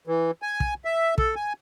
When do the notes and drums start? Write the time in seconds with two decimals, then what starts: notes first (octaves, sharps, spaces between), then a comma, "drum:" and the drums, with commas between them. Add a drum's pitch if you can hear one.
0.07 E3
0.42 G#5
0.60 drum: kick
0.85 E5
1.18 A4, drum: kick
1.36 G#5